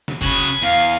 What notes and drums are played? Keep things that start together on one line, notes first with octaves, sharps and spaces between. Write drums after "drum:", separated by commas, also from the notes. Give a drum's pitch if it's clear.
drum: snare
C#3 F#4 G#5 B5, drum: kick F1
E2 F5